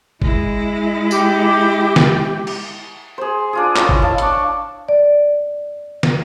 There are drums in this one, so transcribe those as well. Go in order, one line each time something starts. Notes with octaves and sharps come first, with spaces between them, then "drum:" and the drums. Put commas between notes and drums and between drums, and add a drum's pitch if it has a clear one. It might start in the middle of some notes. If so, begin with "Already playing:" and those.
G#3 E4, drum: kick
G4, drum: tambourine
drum: snare
drum: cymbal
G#4 C5
D4 F4 G#4
E4 C#5, drum: clap
E4, drum: kick
D#5 F5 A5
D4 C#6, drum: hi-hat
D5
drum: snare